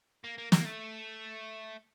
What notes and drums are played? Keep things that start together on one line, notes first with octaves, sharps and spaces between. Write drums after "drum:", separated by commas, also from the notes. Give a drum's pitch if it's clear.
A#3
A#3
A#3, drum: snare
A3